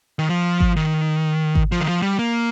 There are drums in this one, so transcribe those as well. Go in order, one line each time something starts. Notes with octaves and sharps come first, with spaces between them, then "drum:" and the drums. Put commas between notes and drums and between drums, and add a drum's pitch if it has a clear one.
D#3
F3
drum: kick G#1
D#3
drum: kick G#1
F3
D#3
F3
G3
A#3